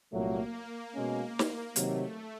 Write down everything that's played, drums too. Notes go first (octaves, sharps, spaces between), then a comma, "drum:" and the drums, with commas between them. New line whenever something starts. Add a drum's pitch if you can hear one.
C2 A#2 F#3 A3 A#3
B2 G#3 C#4
drum: snare
C3 D#3 F#3 A3, drum: hi-hat